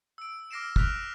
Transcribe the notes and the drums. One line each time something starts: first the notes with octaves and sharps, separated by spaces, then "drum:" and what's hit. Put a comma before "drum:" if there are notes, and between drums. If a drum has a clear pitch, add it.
E6 D7
D6 F6 A#6 C7 D7 E7
F6 F#6 B6 F7, drum: kick